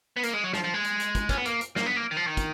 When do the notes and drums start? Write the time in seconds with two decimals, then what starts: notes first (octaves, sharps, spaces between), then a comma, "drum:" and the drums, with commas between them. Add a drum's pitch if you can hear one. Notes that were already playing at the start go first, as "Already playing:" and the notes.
0.16 B3
0.23 A#3, drum: hi-hat
0.33 G#3
0.44 F#3
0.53 F3, drum: snare
0.64 F3
0.74 G#3
0.84 drum: hi-hat
1.00 drum: hi-hat
1.15 drum: kick, hi-hat
1.29 C#4, drum: kick, hi-hat
1.37 B3
1.45 A#3, drum: hi-hat
1.61 drum: hi-hat
1.76 A#3, drum: snare
1.86 B3
1.96 A#3
2.11 D#3
2.17 F3
2.27 D#3
2.37 drum: kick, hi-hat